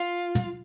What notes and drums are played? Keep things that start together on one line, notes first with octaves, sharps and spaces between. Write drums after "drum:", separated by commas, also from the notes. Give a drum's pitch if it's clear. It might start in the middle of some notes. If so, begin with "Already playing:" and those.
Already playing: F4
drum: tom